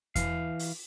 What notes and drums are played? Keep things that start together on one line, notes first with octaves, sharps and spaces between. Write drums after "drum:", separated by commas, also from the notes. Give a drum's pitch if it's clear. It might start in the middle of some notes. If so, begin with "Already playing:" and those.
E3 F5, drum: kick E2, hi-hat
drum: open hi-hat